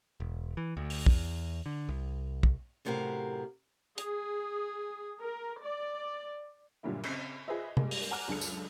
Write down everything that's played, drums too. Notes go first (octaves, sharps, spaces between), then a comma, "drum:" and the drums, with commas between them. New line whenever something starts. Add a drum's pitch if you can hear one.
E1
E3
D2
drum: open hi-hat
E2, drum: kick
D3
C2
drum: kick
F#2 A2 C3 F#4 A#4 F5
G#4, drum: hi-hat
A#4
D5
G2 A#2 D3 F#3 G3 E4
C#3 C4, drum: cymbal
F4 G#4 B4 C5 D#5 E5
G2 G3 G#3 A#3, drum: tom
drum: open hi-hat
F#5 G#5 A#5 D6 F6 F#6
C#2 F#2 D4 G#4 A4 C#7
drum: tambourine